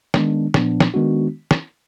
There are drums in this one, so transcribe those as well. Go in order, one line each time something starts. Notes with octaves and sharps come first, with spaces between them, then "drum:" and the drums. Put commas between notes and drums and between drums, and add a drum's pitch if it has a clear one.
D#3 G#3 B3 D4, drum: snare
A#2 F3 B3 D4, drum: snare
drum: snare
D#3 G#3 B3 D4 F#4
drum: snare